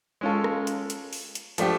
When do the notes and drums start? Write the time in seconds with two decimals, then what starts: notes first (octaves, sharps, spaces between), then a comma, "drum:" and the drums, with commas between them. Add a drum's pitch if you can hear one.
0.21 G#3 C#4 F4 A4
0.44 drum: rim click
0.67 drum: hi-hat
0.90 drum: hi-hat
1.13 drum: open hi-hat
1.35 drum: hi-hat
1.58 F3 A3 D4 G4, drum: hi-hat